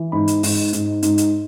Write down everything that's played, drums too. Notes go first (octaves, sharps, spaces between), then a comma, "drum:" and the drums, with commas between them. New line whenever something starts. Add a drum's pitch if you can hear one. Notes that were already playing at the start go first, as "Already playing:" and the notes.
Already playing: E3
G#2 B5
drum: hi-hat
G#2, drum: open hi-hat
G#2, drum: hi-hat
G#2, drum: hi-hat
drum: hi-hat